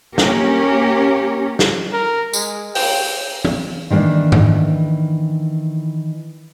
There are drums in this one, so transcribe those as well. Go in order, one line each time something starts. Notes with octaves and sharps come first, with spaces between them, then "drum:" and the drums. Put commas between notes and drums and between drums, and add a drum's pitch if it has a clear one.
A#3 C#4 G4 A#4 C#5, drum: snare
drum: snare
A#4
G#3, drum: tambourine
G5, drum: open hi-hat
drum: tom
D#3 E3 A#3 C#4 D4
drum: tom G#2